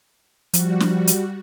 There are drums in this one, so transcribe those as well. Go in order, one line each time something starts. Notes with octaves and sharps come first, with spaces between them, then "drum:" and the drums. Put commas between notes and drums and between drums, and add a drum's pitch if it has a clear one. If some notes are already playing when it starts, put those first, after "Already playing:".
F3 G3 F#4, drum: hi-hat
drum: snare
drum: hi-hat